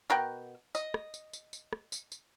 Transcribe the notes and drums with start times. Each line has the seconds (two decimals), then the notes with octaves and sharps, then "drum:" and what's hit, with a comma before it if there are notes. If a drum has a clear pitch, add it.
0.10 B2 A#4 F#5 G5
0.75 D#5, drum: tambourine
0.94 drum: rim click
1.14 drum: tambourine
1.33 drum: tambourine
1.53 drum: tambourine
1.73 drum: rim click
1.92 drum: tambourine
2.12 drum: tambourine